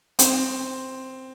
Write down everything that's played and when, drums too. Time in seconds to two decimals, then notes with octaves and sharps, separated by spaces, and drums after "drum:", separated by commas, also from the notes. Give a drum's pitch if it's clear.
0.19 C4, drum: hi-hat